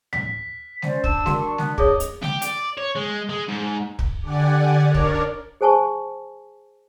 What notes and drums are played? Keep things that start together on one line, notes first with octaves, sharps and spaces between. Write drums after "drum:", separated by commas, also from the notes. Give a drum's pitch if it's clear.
B6, drum: tom
C#4 C5 D5, drum: snare G#3
D4 E6, drum: kick
F#4 A#4, drum: snare G#3
C#6
B3, drum: snare G#3
G#4 C#5 D#5, drum: kick
drum: hi-hat
G4, drum: snare G#3
D5, drum: hi-hat
C#5
G#3
G#3
G#2
drum: kick
D3 G4 D5 F#5 G#5
D4 A#4 C#5 D5
drum: kick
G#4 C5 G#5 A5 C#6